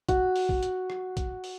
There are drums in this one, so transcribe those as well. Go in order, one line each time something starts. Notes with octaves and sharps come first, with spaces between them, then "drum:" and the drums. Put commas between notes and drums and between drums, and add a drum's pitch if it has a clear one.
F#4, drum: kick, hi-hat
drum: open hi-hat
drum: kick
drum: hi-hat
drum: rim click
drum: kick, hi-hat
drum: open hi-hat